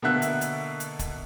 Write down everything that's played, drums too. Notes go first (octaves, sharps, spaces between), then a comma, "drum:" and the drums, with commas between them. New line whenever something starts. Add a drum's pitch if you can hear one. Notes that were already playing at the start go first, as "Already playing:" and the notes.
B2 D3 A#3 B3 E5 F#6
drum: hi-hat
drum: hi-hat
drum: hi-hat
drum: kick, hi-hat